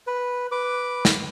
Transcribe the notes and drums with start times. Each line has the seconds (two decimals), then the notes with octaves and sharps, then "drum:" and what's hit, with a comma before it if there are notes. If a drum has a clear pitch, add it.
0.07 B4
0.52 B4 D6
1.05 drum: snare